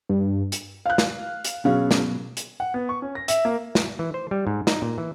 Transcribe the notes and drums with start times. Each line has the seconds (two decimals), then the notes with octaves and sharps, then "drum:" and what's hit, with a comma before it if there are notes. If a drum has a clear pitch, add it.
0.09 G2
0.52 drum: hi-hat
0.86 F5 F#6
0.98 drum: snare
1.44 drum: hi-hat
1.65 B2 F#3 C#4 G#4 F5
1.91 drum: snare
2.37 drum: hi-hat
2.60 F#5
2.74 B3
2.89 C#6
3.02 C#4
3.15 A#6
3.28 E5, drum: hi-hat
3.45 A#3
3.75 drum: snare
3.99 E3
4.14 C5
4.31 G3
4.47 G#2
4.67 D#4, drum: snare
4.82 A#2
4.98 E3